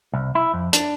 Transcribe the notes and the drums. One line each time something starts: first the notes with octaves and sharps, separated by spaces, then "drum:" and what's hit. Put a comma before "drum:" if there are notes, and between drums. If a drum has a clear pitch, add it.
C2
E4
F2
D4, drum: hi-hat